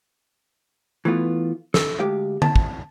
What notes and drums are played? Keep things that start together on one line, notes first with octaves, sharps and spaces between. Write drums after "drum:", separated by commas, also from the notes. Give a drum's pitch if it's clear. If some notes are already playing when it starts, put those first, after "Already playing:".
E3 A3 B3 F4
A4, drum: snare
D2 G#3 G4 F5
A5, drum: tom D3
drum: kick